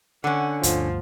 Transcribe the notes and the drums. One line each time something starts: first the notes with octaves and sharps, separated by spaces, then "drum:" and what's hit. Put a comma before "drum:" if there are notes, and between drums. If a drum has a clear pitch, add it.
D3 C#4 F#5
G1 D2 F3, drum: hi-hat